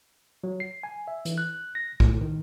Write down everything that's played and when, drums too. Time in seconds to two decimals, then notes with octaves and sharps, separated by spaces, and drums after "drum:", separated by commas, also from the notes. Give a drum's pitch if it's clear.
0.44 F#3
0.60 C7
0.83 G#5
1.08 E5
1.25 E3, drum: hi-hat
1.38 F#6
1.75 A#6
2.00 A2, drum: kick
2.21 D#3